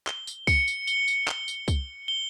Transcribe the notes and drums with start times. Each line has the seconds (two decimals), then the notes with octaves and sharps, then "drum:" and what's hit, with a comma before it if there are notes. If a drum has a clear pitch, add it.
0.07 G7, drum: clap
0.27 drum: tambourine
0.47 C#7, drum: kick C2, tambourine
0.68 drum: tambourine
0.87 G7, drum: tambourine
1.08 drum: tambourine
1.28 C#7, drum: clap
1.48 drum: tambourine
1.68 G7, drum: kick C2, tambourine
2.08 G7